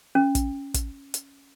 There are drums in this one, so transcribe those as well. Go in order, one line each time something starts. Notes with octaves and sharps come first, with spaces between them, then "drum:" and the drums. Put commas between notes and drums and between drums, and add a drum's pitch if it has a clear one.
C#4
drum: kick, hi-hat
drum: kick, hi-hat
drum: hi-hat